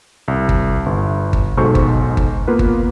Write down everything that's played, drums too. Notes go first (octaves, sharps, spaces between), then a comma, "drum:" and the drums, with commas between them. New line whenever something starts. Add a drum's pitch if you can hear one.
C2
drum: kick G1
G1
drum: kick G1
B1 G#2 B2 A4 C5 C#6
drum: kick G1
drum: kick G1
A#3 B3 F4 B4
drum: kick G1